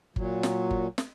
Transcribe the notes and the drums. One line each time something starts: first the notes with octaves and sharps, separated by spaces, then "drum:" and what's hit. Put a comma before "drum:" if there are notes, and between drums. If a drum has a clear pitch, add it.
A#2 F#3, drum: kick G1
drum: snare
drum: kick G1
drum: snare